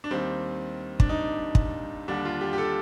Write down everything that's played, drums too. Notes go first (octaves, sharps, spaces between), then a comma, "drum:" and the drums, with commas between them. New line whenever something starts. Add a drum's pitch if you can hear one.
D4
D#2 D#3 G3 C4
D4, drum: kick
D#4
drum: kick
D#2 D3 G3 D4
F4
G4
G4
A4